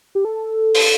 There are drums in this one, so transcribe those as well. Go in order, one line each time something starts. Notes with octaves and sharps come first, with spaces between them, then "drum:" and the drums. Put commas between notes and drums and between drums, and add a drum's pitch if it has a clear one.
G4
A4
drum: open hi-hat